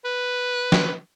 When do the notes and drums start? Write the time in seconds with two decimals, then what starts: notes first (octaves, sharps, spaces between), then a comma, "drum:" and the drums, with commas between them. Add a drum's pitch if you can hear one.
0.05 B4
0.72 drum: snare